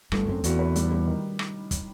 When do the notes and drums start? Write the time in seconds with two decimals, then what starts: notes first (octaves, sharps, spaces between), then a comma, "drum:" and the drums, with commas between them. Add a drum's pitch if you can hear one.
0.12 G1 G2 A3, drum: rim click
0.28 F#2 C4
0.44 E2 F#4, drum: hi-hat
0.59 B4
0.76 G3, drum: hi-hat
0.91 G3
1.07 D#3
1.39 drum: rim click
1.71 drum: kick, hi-hat